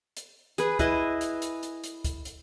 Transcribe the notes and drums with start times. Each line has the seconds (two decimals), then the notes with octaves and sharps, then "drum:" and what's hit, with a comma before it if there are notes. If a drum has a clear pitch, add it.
0.17 drum: hi-hat
0.58 G#4 B4, drum: hi-hat
0.79 E4 B4 D#5, drum: kick, hi-hat
1.21 drum: hi-hat
1.42 drum: hi-hat
1.63 drum: hi-hat
1.84 drum: hi-hat
2.04 drum: kick, hi-hat
2.25 drum: hi-hat